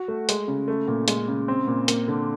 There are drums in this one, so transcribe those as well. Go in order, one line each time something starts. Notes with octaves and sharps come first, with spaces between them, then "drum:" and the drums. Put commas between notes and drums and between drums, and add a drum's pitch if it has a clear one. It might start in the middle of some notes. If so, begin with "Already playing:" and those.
Already playing: F#4
A3
G#3, drum: hi-hat
C#3
A3
A#2
G#3, drum: hi-hat
C#3
C4
A#2
A#3, drum: hi-hat
D3